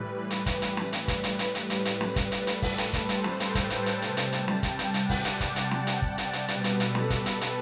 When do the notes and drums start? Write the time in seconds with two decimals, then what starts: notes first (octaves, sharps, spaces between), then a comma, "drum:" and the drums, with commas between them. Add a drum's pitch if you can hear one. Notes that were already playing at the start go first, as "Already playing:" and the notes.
Already playing: A2 E3 G3 B4
0.30 B4, drum: hi-hat
0.46 drum: kick G1, hi-hat
0.62 drum: hi-hat
0.77 drum: snare
0.93 drum: hi-hat
1.08 drum: kick G1, hi-hat
1.23 drum: hi-hat
1.39 drum: hi-hat
1.55 A2 G3, drum: hi-hat
1.70 drum: hi-hat
1.85 drum: hi-hat
2.01 drum: snare
2.16 B4, drum: kick G1, hi-hat
2.32 drum: hi-hat
2.47 A4, drum: hi-hat
2.62 drum: kick G1, open hi-hat
2.78 B4, drum: hi-hat
2.93 drum: kick G1, hi-hat
3.09 C5, drum: hi-hat
3.24 drum: snare
3.40 G5, drum: hi-hat
3.55 drum: kick G1, hi-hat
3.70 A5, drum: hi-hat
3.86 drum: hi-hat
4.02 C3 G3, drum: hi-hat
4.17 drum: hi-hat
4.32 drum: hi-hat
4.48 drum: snare
4.63 G5, drum: kick G1, hi-hat
4.79 drum: hi-hat
4.94 F#5, drum: hi-hat
5.10 drum: kick G1, open hi-hat
5.25 D5, drum: hi-hat
5.40 drum: kick G1, hi-hat
5.56 drum: hi-hat
5.71 drum: snare
5.87 drum: hi-hat
6.02 drum: kick G1
6.18 drum: hi-hat
6.33 drum: hi-hat
6.48 B2 G3 B4, drum: hi-hat
6.64 drum: hi-hat
6.80 A4, drum: hi-hat
6.95 drum: snare
7.10 B4, drum: kick G1, hi-hat
7.26 drum: hi-hat
7.41 drum: hi-hat